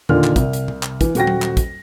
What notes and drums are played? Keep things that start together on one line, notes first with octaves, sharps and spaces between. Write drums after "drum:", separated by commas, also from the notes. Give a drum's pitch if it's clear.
A#2 D3 D#3 F4 F6, drum: tom E2
drum: clap
C2, drum: kick, hi-hat
drum: hi-hat
drum: tom C3
drum: clap
E3, drum: kick, hi-hat
D#1 F#4 G5 A#6, drum: hi-hat
drum: tom F#3
drum: clap
drum: kick, hi-hat